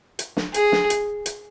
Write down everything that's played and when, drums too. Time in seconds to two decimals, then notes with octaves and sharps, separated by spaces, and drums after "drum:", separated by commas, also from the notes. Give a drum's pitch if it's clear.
0.19 drum: hi-hat
0.37 drum: snare
0.54 G#4, drum: hi-hat
0.72 drum: snare
0.90 drum: hi-hat
1.26 drum: hi-hat